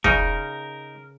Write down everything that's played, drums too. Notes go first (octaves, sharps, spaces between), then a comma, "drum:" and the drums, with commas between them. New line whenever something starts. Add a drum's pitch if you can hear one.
C#3 D#4 A#4, drum: kick